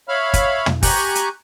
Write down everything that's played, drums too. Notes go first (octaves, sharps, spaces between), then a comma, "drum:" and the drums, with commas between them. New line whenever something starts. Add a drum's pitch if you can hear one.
C#5 E5 F5 B5 F6
drum: kick, hi-hat
drum: tom
G4 G#5 A#5 C#6 F#6 G6, drum: kick, open hi-hat
drum: hi-hat